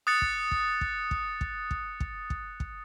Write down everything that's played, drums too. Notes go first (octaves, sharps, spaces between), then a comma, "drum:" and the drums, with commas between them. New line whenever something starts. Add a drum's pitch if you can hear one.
D#6 F#6 A6 C#7
drum: kick
drum: kick
drum: kick
drum: kick
drum: kick
drum: kick
drum: kick
drum: kick
drum: kick